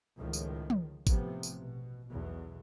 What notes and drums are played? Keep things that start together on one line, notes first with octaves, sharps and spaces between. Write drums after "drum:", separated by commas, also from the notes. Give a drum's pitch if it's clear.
C#2 A2 D#3 F3
drum: tambourine
drum: tom
A1 C3 F3 B3, drum: kick G#1, tambourine
drum: tambourine
B2
B1 E2 B2